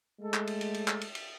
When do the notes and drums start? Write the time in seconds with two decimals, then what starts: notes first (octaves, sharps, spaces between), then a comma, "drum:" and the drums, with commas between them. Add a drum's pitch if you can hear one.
0.20 G#3 A3 A4
0.34 drum: clap
0.47 drum: cymbal
0.61 drum: cymbal
0.74 drum: cymbal
0.88 drum: clap
1.01 drum: cymbal
1.15 drum: cymbal